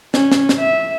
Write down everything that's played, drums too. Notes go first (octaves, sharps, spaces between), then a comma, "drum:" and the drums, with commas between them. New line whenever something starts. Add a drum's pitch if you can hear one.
C#4, drum: snare
drum: snare
drum: snare
E5